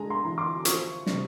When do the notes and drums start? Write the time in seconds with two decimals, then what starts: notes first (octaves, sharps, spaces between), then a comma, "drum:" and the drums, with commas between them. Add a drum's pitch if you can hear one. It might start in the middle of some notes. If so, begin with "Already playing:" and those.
Already playing: D3 G#3 G#5 A#5
0.10 A#5 C6
0.25 E3
0.38 C6 D6
0.65 F3 C#6 D#6, drum: hi-hat
1.06 C3, drum: snare